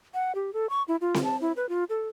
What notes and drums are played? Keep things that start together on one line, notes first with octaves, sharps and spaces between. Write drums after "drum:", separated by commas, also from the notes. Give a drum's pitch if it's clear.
F#5
G4
A4
C#6
E4
F4
drum: snare C4
A5
E4
B4
F4
A4